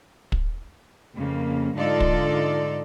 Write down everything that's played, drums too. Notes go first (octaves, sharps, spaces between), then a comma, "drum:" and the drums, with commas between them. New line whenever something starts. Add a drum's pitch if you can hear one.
drum: kick
F2 C#3 A#3
G#2 D3 D#4 F4 A4 D5
drum: kick